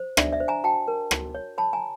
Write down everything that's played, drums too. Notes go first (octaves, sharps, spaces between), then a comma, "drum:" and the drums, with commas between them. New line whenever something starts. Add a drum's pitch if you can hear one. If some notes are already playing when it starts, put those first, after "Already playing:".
Already playing: C5
D4 D5 E5, drum: rim click
D5 E5
C5
G#5 A#5
F#4 G5 A5
A#4
F#4, drum: rim click
C#5
C#5 A5 B5
G#5 A#5